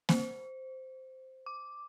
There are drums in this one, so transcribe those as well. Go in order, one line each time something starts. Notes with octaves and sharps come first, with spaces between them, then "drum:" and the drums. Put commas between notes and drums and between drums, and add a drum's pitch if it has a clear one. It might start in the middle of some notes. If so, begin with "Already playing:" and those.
C5, drum: snare A#3
D6